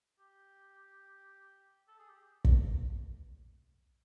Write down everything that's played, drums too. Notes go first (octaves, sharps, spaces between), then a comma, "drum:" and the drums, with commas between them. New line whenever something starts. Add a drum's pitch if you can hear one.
G4
A4
G#4
G4
drum: kick